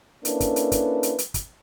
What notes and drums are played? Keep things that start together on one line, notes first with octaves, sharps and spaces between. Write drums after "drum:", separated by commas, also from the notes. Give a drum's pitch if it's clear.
A#3 C#4 D4 E4 A4 B4, drum: hi-hat
drum: kick, hi-hat
drum: hi-hat
drum: kick, hi-hat
drum: hi-hat
drum: hi-hat
drum: kick, hi-hat